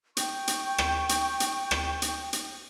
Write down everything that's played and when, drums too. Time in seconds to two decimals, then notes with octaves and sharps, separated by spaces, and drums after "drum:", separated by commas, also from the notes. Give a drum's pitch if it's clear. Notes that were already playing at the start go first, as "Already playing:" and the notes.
0.17 G5 C#6 G6, drum: hi-hat
0.48 drum: hi-hat
0.78 drum: rim click
1.09 drum: hi-hat
1.40 drum: hi-hat
1.71 drum: rim click
2.02 drum: hi-hat
2.33 drum: hi-hat